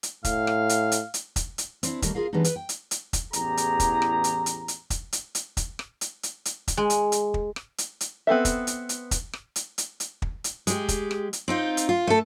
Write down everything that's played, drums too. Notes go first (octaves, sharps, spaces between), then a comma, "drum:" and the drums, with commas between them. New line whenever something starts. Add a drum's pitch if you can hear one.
drum: hi-hat
A2 F5, drum: kick, hi-hat
drum: rim click
drum: hi-hat
drum: hi-hat
drum: hi-hat
drum: kick, hi-hat
drum: hi-hat
C4 D4 E4, drum: hi-hat
D#2 D#3 G3 A3 A#3, drum: kick, hi-hat
F4 G#4 A#4 F5
E3 G3 G#3 B3 D4 D#4
B4, drum: hi-hat
G5
drum: hi-hat
drum: hi-hat
drum: kick, hi-hat
A1 E2 G4 G#4 A#5, drum: hi-hat
drum: hi-hat
drum: kick, hi-hat
drum: rim click
drum: hi-hat
drum: hi-hat
drum: hi-hat
drum: kick, hi-hat
drum: hi-hat
drum: hi-hat
drum: kick, hi-hat
drum: rim click
drum: hi-hat
drum: hi-hat
drum: hi-hat
drum: kick, hi-hat
G#3
drum: hi-hat
drum: hi-hat
drum: kick
drum: rim click
drum: hi-hat
drum: hi-hat
B3 C4 A4 E5
drum: kick, hi-hat
drum: hi-hat
drum: hi-hat
drum: kick, hi-hat
drum: rim click
drum: hi-hat
drum: hi-hat
drum: hi-hat
drum: kick
drum: hi-hat
G#3 G4, drum: hi-hat
drum: kick, hi-hat
drum: rim click
drum: hi-hat
C4 D#4 F4
drum: hi-hat
F4
A3 A4